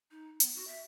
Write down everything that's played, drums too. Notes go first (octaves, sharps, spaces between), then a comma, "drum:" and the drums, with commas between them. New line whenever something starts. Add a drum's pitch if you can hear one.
D#4
B3, drum: hi-hat
F#4
E5